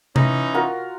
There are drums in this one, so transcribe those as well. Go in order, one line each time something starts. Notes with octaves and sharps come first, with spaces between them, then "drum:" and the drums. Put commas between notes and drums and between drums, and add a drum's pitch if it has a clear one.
E3 C#4 D#4, drum: tom C3
F4 F#4 A#4